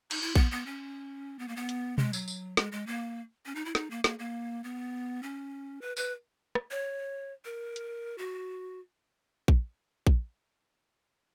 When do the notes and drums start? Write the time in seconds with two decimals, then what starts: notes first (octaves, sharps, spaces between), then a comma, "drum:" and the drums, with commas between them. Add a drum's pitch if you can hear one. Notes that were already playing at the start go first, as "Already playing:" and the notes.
0.11 D#4, drum: cymbal
0.21 E4
0.35 B3, drum: kick A#1
0.51 B3
0.66 C#4
1.39 B3
1.48 A#3
1.56 B3
1.69 drum: hi-hat
1.98 G#3, drum: tom B2
2.13 F#3, drum: tambourine
2.28 drum: tambourine
2.57 G#3, drum: snare
2.72 G#3
2.87 A#3
3.46 C#4
3.55 D#4
3.65 E4
3.75 D#4, drum: snare
3.91 A#3
4.04 A#3, drum: snare
4.19 A#3
4.64 B3
5.23 C#4
5.81 B4
5.97 B4, drum: tambourine
6.55 drum: rim click
6.71 C#5
7.45 A#4
7.76 drum: hi-hat
8.18 F#4
9.48 drum: kick A#1
10.07 drum: kick A#1